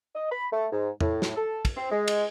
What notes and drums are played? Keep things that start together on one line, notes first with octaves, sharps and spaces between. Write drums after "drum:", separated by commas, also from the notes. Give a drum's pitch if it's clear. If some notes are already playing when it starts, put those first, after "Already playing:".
D#5
B5
A3
G#2
A2, drum: tom E2
drum: snare
A4
drum: kick, cymbal
C4
G#3
drum: cymbal